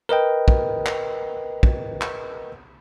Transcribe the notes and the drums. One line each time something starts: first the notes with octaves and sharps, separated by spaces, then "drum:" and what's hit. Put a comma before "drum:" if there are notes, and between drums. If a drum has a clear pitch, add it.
A#4 B4 D#5 G5
drum: kick
drum: clap
drum: kick
drum: clap